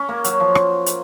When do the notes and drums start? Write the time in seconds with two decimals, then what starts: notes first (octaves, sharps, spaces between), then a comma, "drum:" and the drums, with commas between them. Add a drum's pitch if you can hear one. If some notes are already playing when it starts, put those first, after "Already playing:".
Already playing: C#4
0.09 A#3
0.24 F#3, drum: hi-hat
0.40 F3
0.55 drum: rim click
0.86 drum: hi-hat